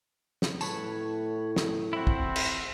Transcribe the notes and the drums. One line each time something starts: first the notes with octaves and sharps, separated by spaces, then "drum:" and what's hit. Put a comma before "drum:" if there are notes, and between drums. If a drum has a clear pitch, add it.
drum: snare
A2 B4 C#5 A5, drum: tambourine
drum: snare
C4 E4 F#4
drum: kick
drum: cymbal